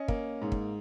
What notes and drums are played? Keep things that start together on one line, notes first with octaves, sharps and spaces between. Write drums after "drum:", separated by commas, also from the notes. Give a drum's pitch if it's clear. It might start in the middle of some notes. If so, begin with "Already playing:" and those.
Already playing: C#4 D#5
A#3, drum: kick
G#2
drum: kick